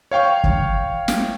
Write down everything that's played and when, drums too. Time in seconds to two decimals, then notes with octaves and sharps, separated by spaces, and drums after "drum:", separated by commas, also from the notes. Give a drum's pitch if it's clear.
0.11 C#5 F5 G5 C#6
0.44 drum: kick
1.08 drum: snare